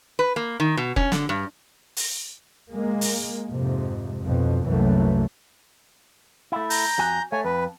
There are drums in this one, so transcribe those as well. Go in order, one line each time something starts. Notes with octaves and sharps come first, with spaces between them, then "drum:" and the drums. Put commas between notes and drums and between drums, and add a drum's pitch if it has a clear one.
B4
A#3
D#3
B2
C#4, drum: kick F1
D3, drum: snare
G2
drum: open hi-hat
G#3 A#3
drum: open hi-hat
F2 G#2 C3
B1 F2 B2
C2 F#2 E3 F#3 A3 A#3
A3 E4
A#5 G6, drum: open hi-hat
F2 F#4 G#5
A3 C#5 G#5
F2 B4